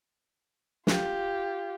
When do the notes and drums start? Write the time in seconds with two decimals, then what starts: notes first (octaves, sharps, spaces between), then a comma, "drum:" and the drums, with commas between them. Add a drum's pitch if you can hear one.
0.87 F4 G4, drum: snare